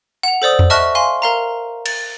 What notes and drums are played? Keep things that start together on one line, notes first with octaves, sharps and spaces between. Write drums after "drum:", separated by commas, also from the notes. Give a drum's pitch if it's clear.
F#5 F7
A4 C5 D5 D#6
drum: tom E2
D#5 E5 A5 C#6 F6 F#6
F5 G#5 C6
A#4 F5 A#5
A6, drum: cymbal